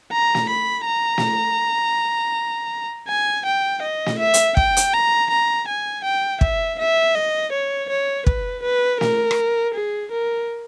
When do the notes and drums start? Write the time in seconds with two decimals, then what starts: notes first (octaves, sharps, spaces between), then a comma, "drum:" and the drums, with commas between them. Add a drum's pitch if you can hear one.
0.12 A#5
0.35 drum: snare
0.49 B5
0.86 A#5
1.18 drum: snare
3.08 G#5
3.45 G5
3.82 D#5
4.06 drum: snare
4.19 E5
4.34 drum: hi-hat
4.57 G5, drum: kick
4.77 drum: hi-hat
4.93 A#5
5.31 A#5
5.68 G#5
6.04 G5
6.41 E5, drum: kick
6.79 E5
7.15 D#5
7.52 C#5
7.90 C#5
8.26 B4, drum: kick
8.63 B4
9.01 A#4, drum: snare
9.31 drum: rim click
9.74 G#4
10.12 A#4